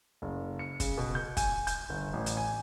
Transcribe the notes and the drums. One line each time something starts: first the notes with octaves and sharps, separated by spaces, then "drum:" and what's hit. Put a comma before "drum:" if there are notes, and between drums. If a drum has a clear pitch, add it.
F#1
C#7
C#3, drum: kick, hi-hat
B2
G6
G#5, drum: kick, hi-hat
G6, drum: hi-hat
G1
A1
drum: hi-hat
G#5